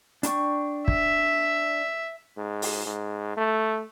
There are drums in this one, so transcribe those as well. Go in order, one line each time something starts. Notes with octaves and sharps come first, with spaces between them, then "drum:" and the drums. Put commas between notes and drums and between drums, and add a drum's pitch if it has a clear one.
D4 G5 C#6, drum: hi-hat
E5, drum: kick
G#2
drum: open hi-hat
G#2
A3